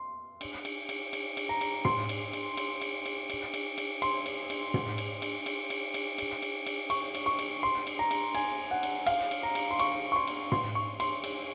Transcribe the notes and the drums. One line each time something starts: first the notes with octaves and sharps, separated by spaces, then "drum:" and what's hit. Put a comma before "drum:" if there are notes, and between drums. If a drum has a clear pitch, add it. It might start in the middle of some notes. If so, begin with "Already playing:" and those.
Already playing: C6
drum: cymbal
drum: cymbal
drum: cymbal
drum: cymbal
drum: cymbal
A#5
drum: cymbal
C6, drum: tom
drum: cymbal
drum: cymbal
drum: cymbal
drum: cymbal
drum: cymbal
drum: cymbal
drum: cymbal
drum: cymbal
C6, drum: cymbal
drum: cymbal
drum: cymbal
drum: tom
drum: cymbal
drum: cymbal
drum: cymbal
drum: cymbal
drum: cymbal
drum: cymbal
drum: cymbal
drum: cymbal
C#6, drum: cymbal
drum: cymbal
C#6
drum: cymbal
C6
drum: cymbal
A#5
drum: cymbal
G#5, drum: cymbal
F#5
drum: cymbal
F5, drum: cymbal
drum: cymbal
A#5
drum: cymbal
C6
C#6, drum: cymbal
C#6
C6
drum: cymbal
C6, drum: tom
C#6
C6, drum: cymbal
drum: cymbal